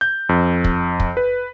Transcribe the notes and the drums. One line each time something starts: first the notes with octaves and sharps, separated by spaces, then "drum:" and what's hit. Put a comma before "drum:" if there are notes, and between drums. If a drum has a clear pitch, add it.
G6
F2
drum: kick
drum: kick
B4